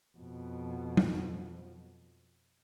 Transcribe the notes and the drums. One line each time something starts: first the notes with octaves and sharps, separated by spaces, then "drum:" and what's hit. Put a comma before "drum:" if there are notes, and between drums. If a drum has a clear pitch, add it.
F2 B2
drum: tom F#3